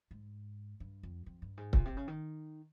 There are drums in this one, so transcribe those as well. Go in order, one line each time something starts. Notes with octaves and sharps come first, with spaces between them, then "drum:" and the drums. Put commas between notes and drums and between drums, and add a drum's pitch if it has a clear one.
G#2
G2
F2
F2
G2
G#2
A#2, drum: kick C#1
C3
C#3
D#3